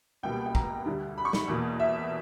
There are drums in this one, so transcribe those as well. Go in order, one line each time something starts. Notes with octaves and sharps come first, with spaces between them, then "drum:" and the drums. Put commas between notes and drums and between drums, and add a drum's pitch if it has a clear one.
C#2 B2 G3 A#3 G5
G5
A#5, drum: kick
D2 D3 G3
B5
C#6
B5, drum: snare
E2 B2 A#3
E5